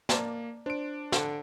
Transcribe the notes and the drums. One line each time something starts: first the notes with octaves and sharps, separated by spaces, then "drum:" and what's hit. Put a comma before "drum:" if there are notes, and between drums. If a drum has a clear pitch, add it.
A#3 D5 A5 A#5, drum: snare
D4 C5 D7
D3, drum: snare